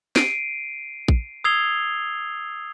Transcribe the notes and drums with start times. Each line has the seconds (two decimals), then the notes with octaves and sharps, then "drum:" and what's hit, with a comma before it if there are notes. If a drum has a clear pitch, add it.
0.16 C7 D7 D#7, drum: snare
1.08 drum: kick
1.44 D#6 E6 G#6 C7 F7 G7